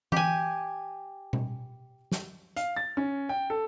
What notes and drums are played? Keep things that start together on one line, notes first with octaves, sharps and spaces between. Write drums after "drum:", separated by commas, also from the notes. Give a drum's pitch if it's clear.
G4 G#5, drum: tom E3
drum: tom B2
drum: snare
F5, drum: hi-hat
A6
C#4
G5
A4